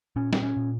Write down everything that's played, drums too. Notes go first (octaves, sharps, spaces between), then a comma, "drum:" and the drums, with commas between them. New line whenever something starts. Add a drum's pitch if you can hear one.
A#2 C#4
C4, drum: snare
C#4
A#2